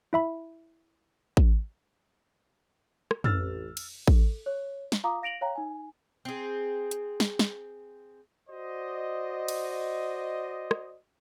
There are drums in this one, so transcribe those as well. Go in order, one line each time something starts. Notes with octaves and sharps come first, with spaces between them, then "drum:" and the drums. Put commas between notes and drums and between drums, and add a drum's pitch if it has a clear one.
E4 E5 B5
drum: kick A1
drum: rim click
A1 E6 F6 A6, drum: tom
drum: cymbal
A4, drum: kick A1
C#5
drum: snare
F4 F5 A#5 D6 D#6
F5 A#6 D7 F7 F#7
C#5 F5 G5 A#5
D#4 G#5
C4 G#4
drum: hi-hat
drum: snare
drum: snare
F#4 C5 D5 D#5
drum: cymbal
drum: rim click